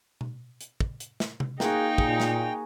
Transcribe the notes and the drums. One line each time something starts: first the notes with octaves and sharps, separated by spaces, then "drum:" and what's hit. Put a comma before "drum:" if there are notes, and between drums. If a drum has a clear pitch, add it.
drum: tom B2
drum: hi-hat
drum: kick
drum: hi-hat
drum: snare
drum: tom C3
A#3 D#4 F#4 G#4 G5, drum: snare
A#2 G#4, drum: kick
drum: snare